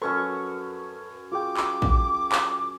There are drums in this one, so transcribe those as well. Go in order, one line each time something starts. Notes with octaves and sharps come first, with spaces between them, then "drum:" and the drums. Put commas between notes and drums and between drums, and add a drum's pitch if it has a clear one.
F#2 C#4 A4 B4 C#6
F4 G#4 G5 D6
drum: clap
drum: kick
drum: clap